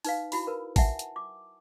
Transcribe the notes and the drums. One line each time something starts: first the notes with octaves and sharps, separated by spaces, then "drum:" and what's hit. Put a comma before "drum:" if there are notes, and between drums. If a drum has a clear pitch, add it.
D#4 B4 F5, drum: open hi-hat
E4 F#4 B5, drum: open hi-hat
A#4 B4
E5 F#5 G#5 A5, drum: kick, open hi-hat
drum: hi-hat
D6